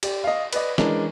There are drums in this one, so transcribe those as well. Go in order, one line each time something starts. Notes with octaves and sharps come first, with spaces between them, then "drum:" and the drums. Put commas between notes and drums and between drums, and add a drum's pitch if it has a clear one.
G4 D5, drum: cymbal
D#5 F5
B4 D5 D#5, drum: cymbal
E3 G#3 C#4 D4 A#4 D5, drum: snare